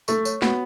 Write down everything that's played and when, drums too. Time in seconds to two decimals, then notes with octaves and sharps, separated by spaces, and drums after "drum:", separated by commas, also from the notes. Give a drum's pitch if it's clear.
0.08 A3 C#6, drum: tambourine
0.25 C#5, drum: tambourine
0.42 B3 F#4, drum: snare